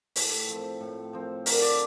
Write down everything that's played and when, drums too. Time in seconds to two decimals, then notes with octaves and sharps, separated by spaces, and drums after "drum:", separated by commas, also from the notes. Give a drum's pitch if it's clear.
0.16 A2 A4, drum: open hi-hat
0.49 F3 C4
0.80 A2
1.13 F3 C4
1.46 D3 A#4, drum: open hi-hat
1.62 D5